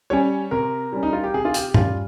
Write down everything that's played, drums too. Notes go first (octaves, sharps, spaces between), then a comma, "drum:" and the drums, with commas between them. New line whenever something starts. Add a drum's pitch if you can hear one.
G3 C#4 C#5
C3 A#4
G3 C#4
D#4
F4
G4
C3 G#4
F4
G4, drum: hi-hat
G4
G3 C#4 F4, drum: tom G2